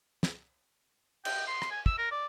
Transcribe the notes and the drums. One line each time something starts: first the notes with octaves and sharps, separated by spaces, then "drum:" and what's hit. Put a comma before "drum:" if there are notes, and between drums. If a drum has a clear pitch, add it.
drum: snare
G5, drum: cymbal
C6
drum: rim click
G#5
E6, drum: kick
A#4
D5